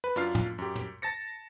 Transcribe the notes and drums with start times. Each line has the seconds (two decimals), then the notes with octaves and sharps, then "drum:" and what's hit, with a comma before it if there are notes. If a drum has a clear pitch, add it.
0.04 B4
0.16 F#2 D4 F4 F6 C7, drum: hi-hat
0.35 drum: tom
0.58 F#2 G4
0.76 drum: tom
1.02 A5 A6 A#6 C#7